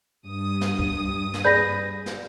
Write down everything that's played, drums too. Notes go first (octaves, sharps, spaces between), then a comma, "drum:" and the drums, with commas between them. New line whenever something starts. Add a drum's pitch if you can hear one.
G2 D#6
drum: snare
drum: kick C#2
drum: snare
G#4 B4 D5 G6 A#6
drum: snare